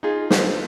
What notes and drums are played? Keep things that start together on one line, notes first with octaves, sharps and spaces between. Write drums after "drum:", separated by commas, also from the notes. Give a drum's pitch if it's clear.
D#4 F4 G#4
A4 B4 C5, drum: snare